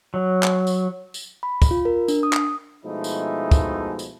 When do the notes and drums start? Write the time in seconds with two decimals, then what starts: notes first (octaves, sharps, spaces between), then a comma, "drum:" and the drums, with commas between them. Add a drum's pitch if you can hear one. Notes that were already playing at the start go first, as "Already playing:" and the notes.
0.14 F#3
0.43 drum: clap
0.67 drum: tambourine
1.14 drum: tambourine
1.43 B5
1.62 drum: kick, tambourine
1.71 F4
1.85 A#4
2.08 D4, drum: tambourine
2.23 D#6
2.33 drum: clap
2.85 B2 F3 G#3 A3 D#4 E4
3.04 drum: tambourine
3.51 drum: kick, tambourine
3.99 drum: tambourine